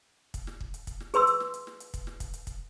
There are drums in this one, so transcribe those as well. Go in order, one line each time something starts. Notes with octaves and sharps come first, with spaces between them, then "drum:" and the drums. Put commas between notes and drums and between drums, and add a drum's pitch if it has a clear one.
drum: kick, hi-hat
drum: snare
drum: kick
drum: hi-hat
drum: kick, hi-hat
drum: snare
G#4 B4 C6 E6, drum: hi-hat
drum: hi-hat
drum: snare
drum: hi-hat
drum: snare
drum: hi-hat
drum: kick, hi-hat
drum: snare
drum: kick, hi-hat
drum: hi-hat
drum: kick, hi-hat